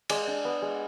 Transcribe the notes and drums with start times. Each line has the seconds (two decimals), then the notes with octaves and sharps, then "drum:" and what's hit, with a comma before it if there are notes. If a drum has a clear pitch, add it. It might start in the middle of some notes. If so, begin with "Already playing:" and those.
0.09 G#3 D5, drum: cymbal
0.27 D4
0.45 B3
0.62 G#3